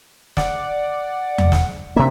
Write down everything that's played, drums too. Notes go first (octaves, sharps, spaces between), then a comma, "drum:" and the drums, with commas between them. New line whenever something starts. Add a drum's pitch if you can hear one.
D5 F#5, drum: snare
drum: tom E2
drum: snare
C3 A#3 D4 E5